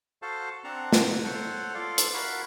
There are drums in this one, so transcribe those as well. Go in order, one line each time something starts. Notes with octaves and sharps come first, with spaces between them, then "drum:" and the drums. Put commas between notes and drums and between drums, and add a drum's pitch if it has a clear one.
F#4 A4 C5 F5 A5
C4 D4 F#5 A5 A#5
drum: snare
A4 C5 C#5 F#5
F4 A4 D5 F5
drum: hi-hat
E4 F#4 A#4 F5 F#5 B5